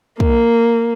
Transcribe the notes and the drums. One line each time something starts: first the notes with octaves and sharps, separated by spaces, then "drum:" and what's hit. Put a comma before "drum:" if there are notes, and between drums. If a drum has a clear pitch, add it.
A#3, drum: kick